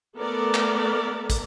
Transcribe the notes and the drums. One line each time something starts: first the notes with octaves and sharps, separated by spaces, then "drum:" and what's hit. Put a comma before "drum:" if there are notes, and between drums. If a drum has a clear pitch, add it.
A3 B3 A4 A#4 D5
drum: clap
drum: kick, hi-hat